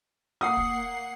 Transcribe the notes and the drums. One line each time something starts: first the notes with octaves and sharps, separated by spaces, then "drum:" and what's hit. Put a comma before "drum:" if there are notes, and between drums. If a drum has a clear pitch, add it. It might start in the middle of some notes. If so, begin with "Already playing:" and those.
A#3 F#5 D#6 C7
drum: kick